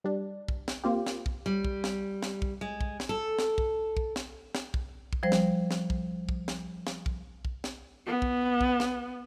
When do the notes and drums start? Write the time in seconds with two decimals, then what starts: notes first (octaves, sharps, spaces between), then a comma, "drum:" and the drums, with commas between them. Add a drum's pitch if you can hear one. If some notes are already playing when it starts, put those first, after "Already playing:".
0.04 G3 D4
0.48 drum: kick
0.68 drum: snare
0.84 A#3 C4 F4 G4
1.07 drum: snare
1.26 drum: kick
1.46 G3
1.65 drum: kick
1.84 drum: snare
2.23 drum: snare
2.42 drum: kick
2.61 G#3
2.81 drum: kick
3.00 drum: snare
3.09 A4
3.39 drum: snare
3.58 drum: kick
3.97 drum: kick
4.16 drum: snare
4.55 drum: snare
4.74 drum: kick
5.13 drum: kick
5.23 F3 G3 C5
5.32 drum: snare
5.71 drum: snare
5.90 drum: kick
6.29 drum: kick
6.48 drum: snare
6.87 drum: snare
7.06 drum: kick
7.45 drum: kick
7.64 drum: snare
8.07 B3
8.22 drum: kick
8.61 drum: kick
8.80 drum: snare